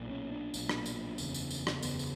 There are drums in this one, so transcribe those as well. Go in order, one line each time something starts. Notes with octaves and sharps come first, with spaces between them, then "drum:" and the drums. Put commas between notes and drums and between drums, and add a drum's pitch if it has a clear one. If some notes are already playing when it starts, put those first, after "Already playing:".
Already playing: B1 A#2
C#4
D4
B1 A#2, drum: tambourine
drum: rim click
drum: tambourine
F#1 E2 C#3, drum: tambourine
drum: tambourine
drum: tambourine
drum: rim click
F#1 E2 C#3 B3, drum: tambourine
drum: tambourine